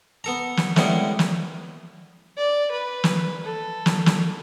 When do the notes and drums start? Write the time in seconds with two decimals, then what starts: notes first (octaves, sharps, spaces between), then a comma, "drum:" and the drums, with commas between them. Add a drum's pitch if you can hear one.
0.24 B3 A4 A#5
0.57 drum: snare
0.76 A2 C3 G3 G#3 B3, drum: snare
1.19 drum: snare
2.37 D5
2.71 B4
3.04 drum: snare
3.45 A4
3.86 drum: snare
4.06 drum: snare